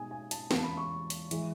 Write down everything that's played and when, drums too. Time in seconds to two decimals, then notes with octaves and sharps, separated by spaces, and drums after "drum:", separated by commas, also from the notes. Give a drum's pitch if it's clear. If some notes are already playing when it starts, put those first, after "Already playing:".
Already playing: B2 G#3 D#4 G#5 D#6
0.11 G#5
0.31 A5, drum: hi-hat
0.51 E2 C#3 E3 G#3 B3, drum: snare
0.58 A5
0.64 B5
0.77 C#6
1.10 drum: hi-hat
1.31 E3 G#3, drum: hi-hat